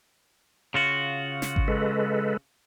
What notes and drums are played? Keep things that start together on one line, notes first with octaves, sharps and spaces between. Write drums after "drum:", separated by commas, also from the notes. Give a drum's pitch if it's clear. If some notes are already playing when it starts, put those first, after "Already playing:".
C#3 F4 F#4
drum: snare
drum: kick G#1
G#3 A4 B4